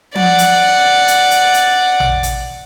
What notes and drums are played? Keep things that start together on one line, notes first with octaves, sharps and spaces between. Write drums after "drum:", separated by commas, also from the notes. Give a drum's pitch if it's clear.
D5 F#5, drum: tom F3
drum: hi-hat
drum: hi-hat
drum: hi-hat
drum: hi-hat
drum: tom A1
drum: hi-hat